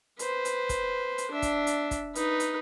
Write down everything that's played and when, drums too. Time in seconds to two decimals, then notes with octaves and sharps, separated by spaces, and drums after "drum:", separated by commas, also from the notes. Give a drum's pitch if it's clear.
0.19 B4 C5, drum: hi-hat
0.45 drum: hi-hat
0.69 drum: kick, hi-hat
1.18 drum: hi-hat
1.31 D4 E5
1.42 drum: kick, hi-hat
1.67 drum: hi-hat
1.91 drum: kick, hi-hat
2.15 D#4 B4, drum: hi-hat
2.40 drum: hi-hat